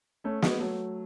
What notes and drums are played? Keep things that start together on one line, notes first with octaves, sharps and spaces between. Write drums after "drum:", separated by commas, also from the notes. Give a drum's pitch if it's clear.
A3 C#4
G#3 B3, drum: snare
F#3 A3